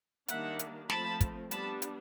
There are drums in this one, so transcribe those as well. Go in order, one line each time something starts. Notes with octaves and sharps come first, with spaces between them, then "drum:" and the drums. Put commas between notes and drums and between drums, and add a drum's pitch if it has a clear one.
D#3 G3 A#3 D4 E5 F#5, drum: hi-hat
drum: hi-hat
F3 A3 C4 A5 B5, drum: snare
drum: kick, hi-hat
G3 B3 D4 A5 B5, drum: hi-hat
drum: hi-hat